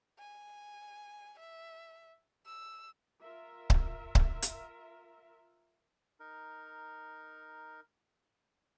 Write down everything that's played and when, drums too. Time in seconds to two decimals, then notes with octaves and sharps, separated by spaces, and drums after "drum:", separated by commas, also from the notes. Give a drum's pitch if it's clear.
0.18 G#5
1.40 E5
2.46 E6
3.22 F4 A#4 E5
3.70 drum: kick C#1
4.15 drum: kick C#1
4.42 drum: hi-hat
6.20 D#4 A#4